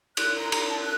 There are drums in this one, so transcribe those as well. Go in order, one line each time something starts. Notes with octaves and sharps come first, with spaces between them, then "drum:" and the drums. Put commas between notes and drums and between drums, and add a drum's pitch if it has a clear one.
F#6, drum: cymbal
A#5
A#5, drum: cymbal
A5
F#6